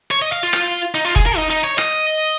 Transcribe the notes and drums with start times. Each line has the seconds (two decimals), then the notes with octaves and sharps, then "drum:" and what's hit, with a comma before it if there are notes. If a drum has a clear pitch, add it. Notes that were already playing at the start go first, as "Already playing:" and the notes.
0.11 C#5
0.22 D#5
0.32 F5
0.43 F4
0.53 drum: rim click
0.95 D#4
1.05 F4
1.16 G#4, drum: kick F#1
1.26 A#4
1.37 D#4
1.50 D#4
1.64 C#5
1.78 D#5, drum: rim click